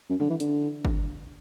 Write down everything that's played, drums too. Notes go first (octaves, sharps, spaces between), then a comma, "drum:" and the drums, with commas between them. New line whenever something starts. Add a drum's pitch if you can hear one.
F#2
D3, drum: tom E3
E3
D3, drum: hi-hat
drum: kick